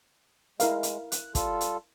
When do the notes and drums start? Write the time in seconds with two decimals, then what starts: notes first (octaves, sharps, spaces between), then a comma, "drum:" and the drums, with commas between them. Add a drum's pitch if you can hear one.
0.60 G#3 E4 A#4 F5, drum: hi-hat
0.83 drum: hi-hat
1.12 F#6, drum: hi-hat
1.35 G3 F4 A4, drum: kick, hi-hat
1.61 drum: hi-hat